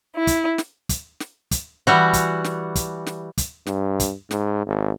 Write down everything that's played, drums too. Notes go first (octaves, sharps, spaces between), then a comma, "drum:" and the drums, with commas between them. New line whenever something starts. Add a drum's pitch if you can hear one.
E4
drum: kick, hi-hat
drum: snare
drum: kick, hi-hat
drum: snare
drum: kick, hi-hat
E3 G3 F#4
drum: kick, hi-hat
drum: snare
drum: kick, hi-hat
drum: snare
drum: kick, hi-hat
G2, drum: snare
drum: kick, hi-hat
G#2, drum: snare
G#1